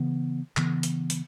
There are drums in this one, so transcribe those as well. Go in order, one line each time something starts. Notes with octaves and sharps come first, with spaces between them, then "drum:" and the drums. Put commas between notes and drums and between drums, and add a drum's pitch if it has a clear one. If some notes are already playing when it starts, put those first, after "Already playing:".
Already playing: C#3 E3 B3
C#3 E3 B3, drum: clap
drum: hi-hat
drum: hi-hat